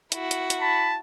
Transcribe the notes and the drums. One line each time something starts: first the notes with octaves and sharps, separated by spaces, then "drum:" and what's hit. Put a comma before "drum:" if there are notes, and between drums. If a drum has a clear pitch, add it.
E4 F#4, drum: hi-hat
drum: hi-hat
drum: hi-hat
A5 B5